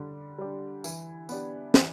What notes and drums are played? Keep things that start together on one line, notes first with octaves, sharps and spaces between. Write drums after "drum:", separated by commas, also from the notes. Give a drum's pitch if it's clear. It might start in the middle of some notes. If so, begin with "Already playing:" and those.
Already playing: D3 G3 D4
G3 D4 G4
E3, drum: tambourine
B3 D4 G4, drum: tambourine
E3, drum: snare